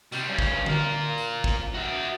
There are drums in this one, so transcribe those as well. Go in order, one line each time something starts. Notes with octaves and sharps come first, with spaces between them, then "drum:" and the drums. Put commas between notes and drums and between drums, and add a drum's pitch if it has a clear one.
C3 G3, drum: tambourine
G2 C#4
drum: kick
F4 A#4, drum: tom D3
drum: tambourine
drum: kick
F#4 E5